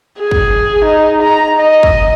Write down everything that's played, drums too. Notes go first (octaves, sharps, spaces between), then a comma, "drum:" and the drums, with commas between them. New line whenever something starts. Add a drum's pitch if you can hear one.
G#4
drum: kick
D#4
A#5
D#5
drum: kick